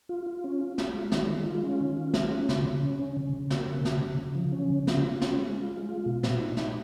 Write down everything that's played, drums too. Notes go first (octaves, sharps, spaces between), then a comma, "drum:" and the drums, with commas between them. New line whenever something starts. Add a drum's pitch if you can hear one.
F4
F4
C#4
F4
F4, drum: snare
G#3
D#3, drum: snare
G#3
F4
C#4
D#3
F4
G#3, drum: snare
C#4
C#3, drum: snare
C#3
C#4
C#4
C#3
C#3
A#3, drum: snare
C#3
C#3, drum: snare
C#3
C#3
F3
C#4
C#3
F4, drum: snare
F4
C#4, drum: snare
G#3
F4
G#3
F4
B2
A#2, drum: snare
D#4
D#4, drum: snare